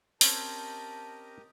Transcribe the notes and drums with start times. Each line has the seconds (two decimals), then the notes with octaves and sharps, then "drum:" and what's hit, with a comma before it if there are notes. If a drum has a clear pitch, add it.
0.21 C4 C#4 G4 A#4 D#5 A5, drum: open hi-hat